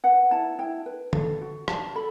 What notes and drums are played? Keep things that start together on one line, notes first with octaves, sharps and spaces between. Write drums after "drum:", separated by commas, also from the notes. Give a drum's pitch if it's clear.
B4 F#5
E4 A5
E4 G5
B4
A4, drum: tom
F#4
F#4 A5, drum: rim click
A4 B5